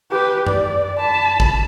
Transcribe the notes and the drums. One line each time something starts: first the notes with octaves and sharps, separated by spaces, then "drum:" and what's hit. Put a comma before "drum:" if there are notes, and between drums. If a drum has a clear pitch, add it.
G4 B4
D5, drum: tom F#2
A5 B5
drum: kick